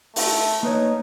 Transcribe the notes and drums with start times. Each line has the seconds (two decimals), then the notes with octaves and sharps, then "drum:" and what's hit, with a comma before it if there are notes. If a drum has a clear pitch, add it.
0.16 A3, drum: open hi-hat
0.63 A#3 D#4 B4 C#5